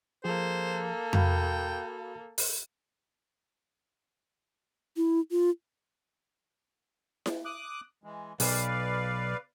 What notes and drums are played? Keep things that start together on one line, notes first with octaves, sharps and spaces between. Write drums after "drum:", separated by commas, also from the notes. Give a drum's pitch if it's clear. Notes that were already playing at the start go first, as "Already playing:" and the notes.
F3 A#3 G#4 A4 C5
F#4 F5 G5 B5, drum: tom F2
drum: open hi-hat
E4
F4
drum: snare E4
D6 D#6 F#6
E3 G#3
B1 B4 D5 F5, drum: open hi-hat